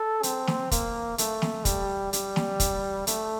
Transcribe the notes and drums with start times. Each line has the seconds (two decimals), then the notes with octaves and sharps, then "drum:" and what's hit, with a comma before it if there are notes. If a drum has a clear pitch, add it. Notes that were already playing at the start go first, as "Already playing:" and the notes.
Already playing: A4
0.23 C4, drum: hi-hat
0.47 drum: snare
0.71 A#3, drum: kick, hi-hat
1.18 A3, drum: hi-hat
1.42 drum: snare
1.65 G3, drum: kick, hi-hat
2.13 G3, drum: hi-hat
2.36 drum: snare
2.60 drum: kick, hi-hat
3.07 A3, drum: hi-hat